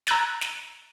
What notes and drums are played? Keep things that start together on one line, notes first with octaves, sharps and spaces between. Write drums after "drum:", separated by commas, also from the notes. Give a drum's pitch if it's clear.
A#5 E6 F#6 G#6 A6, drum: snare
drum: snare